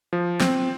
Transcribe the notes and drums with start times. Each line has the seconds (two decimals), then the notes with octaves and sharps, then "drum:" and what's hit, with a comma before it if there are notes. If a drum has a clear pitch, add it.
0.13 F3
0.40 C4, drum: snare